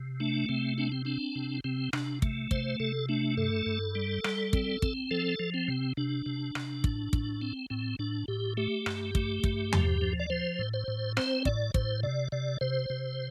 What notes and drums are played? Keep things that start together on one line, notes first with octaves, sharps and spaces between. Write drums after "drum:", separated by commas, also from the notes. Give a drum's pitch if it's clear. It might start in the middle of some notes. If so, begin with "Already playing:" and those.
Already playing: C3
A3 D4
C3 C4
C4 D4
C4
C4 D4
C3
C3 C4
C3 D4, drum: rim click
A3, drum: kick
C3 C5, drum: kick
C3 A4
A3 D4
G2 A4
G2
G3
G3, drum: rim click
C4, drum: kick
C4, drum: kick
F3 A4
F3
C4
C3
C3 D4
C3
C3, drum: rim click
A2, drum: kick
A2, drum: kick
C4
A2 C4
A2 D4
A2 G4
A3 G4
G2, drum: rim click
A3, drum: kick
G2, drum: kick
F3, drum: tom E2
F3
D5
F3 C5
A2
C5
A2
C4 C5, drum: rim click
A2 D5, drum: kick
A2 C5, drum: kick
C3 D5
C3 D5
C3 C5
C3